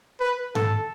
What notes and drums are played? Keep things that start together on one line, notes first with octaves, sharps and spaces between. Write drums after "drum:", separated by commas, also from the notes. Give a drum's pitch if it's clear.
B4
A4, drum: tom G#2